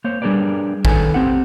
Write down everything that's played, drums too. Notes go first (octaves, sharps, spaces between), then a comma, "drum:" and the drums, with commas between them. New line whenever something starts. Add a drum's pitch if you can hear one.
A#3 C5 C#5
G3 D4 G#4 A#4 B4 D5
D#3 D#4 A4 B4 C#5 G#5, drum: kick
C4 G4 F#5